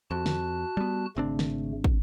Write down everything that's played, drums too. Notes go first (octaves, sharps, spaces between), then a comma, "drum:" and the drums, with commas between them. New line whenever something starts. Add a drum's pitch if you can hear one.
F2 F#4 A5 F#6
drum: snare
G3 B3
G#1 C#3 A3 C4 D4
drum: snare
drum: kick